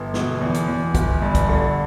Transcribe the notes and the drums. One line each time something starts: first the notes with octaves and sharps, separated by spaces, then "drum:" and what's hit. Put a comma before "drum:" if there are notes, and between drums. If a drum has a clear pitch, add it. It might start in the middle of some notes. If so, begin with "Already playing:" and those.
Already playing: G1
B2, drum: snare
E2
drum: hi-hat
E2
G1, drum: kick, hi-hat
G2
drum: kick, hi-hat
D3